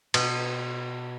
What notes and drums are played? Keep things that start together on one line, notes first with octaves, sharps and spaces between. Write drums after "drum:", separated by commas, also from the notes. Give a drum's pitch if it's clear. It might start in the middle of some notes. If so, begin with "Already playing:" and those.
B2, drum: cymbal